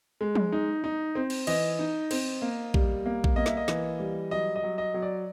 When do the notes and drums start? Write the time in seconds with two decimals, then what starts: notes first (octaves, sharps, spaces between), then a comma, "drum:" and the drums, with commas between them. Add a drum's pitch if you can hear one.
0.21 G#3
0.35 drum: tom F3
0.52 D#4
0.84 D#4
1.15 C4
1.30 drum: cymbal
1.47 E3 D#5, drum: cymbal
1.79 D#4
2.11 C4, drum: cymbal
2.42 A#3
2.74 G3, drum: kick A#1
3.06 A#3
3.24 drum: kick A#1
3.36 A#3 D#5
3.46 E5, drum: snare
3.57 D#5
3.68 E3, drum: snare
4.00 G3
4.31 F#3 D#5
4.56 D#5
4.63 F#3
4.78 D#5
4.94 F#3
5.02 D5